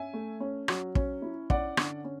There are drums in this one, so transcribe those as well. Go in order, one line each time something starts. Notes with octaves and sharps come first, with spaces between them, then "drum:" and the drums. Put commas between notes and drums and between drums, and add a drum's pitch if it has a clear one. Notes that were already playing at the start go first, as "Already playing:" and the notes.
Already playing: C#4 E5 G#5
A3
C#4
F#3, drum: rim click
C#4, drum: kick
E4
C#4 D5 F#5, drum: kick
D3, drum: rim click
C#4